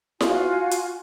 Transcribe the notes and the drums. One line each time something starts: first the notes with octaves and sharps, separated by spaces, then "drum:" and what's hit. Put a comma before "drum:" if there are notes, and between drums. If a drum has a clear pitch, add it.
F4 F#4 G#5, drum: snare E4
drum: hi-hat